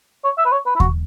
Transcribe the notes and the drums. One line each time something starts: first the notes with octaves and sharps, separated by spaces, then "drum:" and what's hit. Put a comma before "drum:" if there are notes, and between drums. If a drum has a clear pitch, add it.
C#5
E5
B4
C#5
B4
E4
F#4, drum: kick D#2